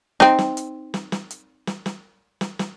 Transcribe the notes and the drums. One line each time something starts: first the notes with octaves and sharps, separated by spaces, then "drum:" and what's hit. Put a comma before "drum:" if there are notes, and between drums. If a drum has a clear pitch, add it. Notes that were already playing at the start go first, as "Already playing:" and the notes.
C4 D#4, drum: snare
drum: snare
drum: hi-hat
drum: snare
drum: snare
drum: hi-hat
drum: snare
drum: snare
drum: snare
drum: snare